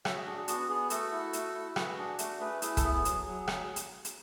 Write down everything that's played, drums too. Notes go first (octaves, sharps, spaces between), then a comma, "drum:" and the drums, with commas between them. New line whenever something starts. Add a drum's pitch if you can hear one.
F#4 C#5 E5, drum: rim click
G#4
D4 G#4
G#4
B3 F#4, drum: hi-hat
B3 G#4
A3 F#4 A4, drum: hi-hat
E4
A3, drum: hi-hat
E4
F#4 G#4 B4, drum: rim click
D4 G#4
A3 F#4, drum: hi-hat
A3 G#4 B4
E4 G#4, drum: hi-hat
A4, drum: kick, hi-hat
B3 G#4
F#3, drum: hi-hat
F#3
drum: rim click
drum: hi-hat
drum: hi-hat